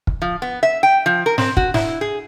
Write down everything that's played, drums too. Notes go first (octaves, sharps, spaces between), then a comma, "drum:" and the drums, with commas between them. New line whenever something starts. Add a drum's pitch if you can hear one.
drum: kick
F3
B3
E5
G5
F3
A#4
C4, drum: snare
F#4, drum: kick
E4, drum: snare
G#4